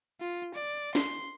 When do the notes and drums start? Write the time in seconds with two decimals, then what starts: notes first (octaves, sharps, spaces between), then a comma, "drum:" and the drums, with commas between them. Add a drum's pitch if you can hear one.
0.20 F4
0.54 D5
0.95 C6, drum: snare
1.10 drum: open hi-hat